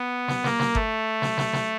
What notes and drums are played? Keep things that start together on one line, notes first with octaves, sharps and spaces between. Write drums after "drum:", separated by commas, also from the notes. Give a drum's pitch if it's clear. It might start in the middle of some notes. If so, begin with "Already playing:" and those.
Already playing: B3
drum: snare
A#3, drum: snare
drum: snare
A3, drum: kick G1
drum: snare
drum: snare
drum: snare